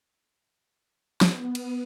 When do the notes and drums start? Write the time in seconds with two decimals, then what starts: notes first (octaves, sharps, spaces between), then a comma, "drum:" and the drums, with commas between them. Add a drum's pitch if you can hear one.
1.21 B3, drum: snare
1.55 drum: cymbal